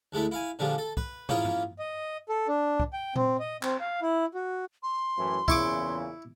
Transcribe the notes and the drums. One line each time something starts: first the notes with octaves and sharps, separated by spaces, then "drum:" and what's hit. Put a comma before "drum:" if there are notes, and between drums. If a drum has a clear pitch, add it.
D2 G#3 A3 E4 E5
E4 F5 G#5
A#2 D3 F3 G3 G#3
A4
B4, drum: kick
A#3 C#4 E4 F4 G#4, drum: tom
drum: tom
D#5
A4
D4
drum: kick
G5
C4, drum: tom A#2
D#5
C4, drum: clap
F5
E4
F#4
C6
F#2 A2 E3
E2 A#2 C#3 E4 C#6 D6, drum: kick